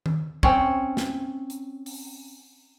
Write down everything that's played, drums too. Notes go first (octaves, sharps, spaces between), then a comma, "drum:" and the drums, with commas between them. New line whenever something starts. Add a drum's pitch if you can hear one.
drum: tom D#3
C4 C#4 C#5, drum: kick
drum: snare
drum: hi-hat
drum: open hi-hat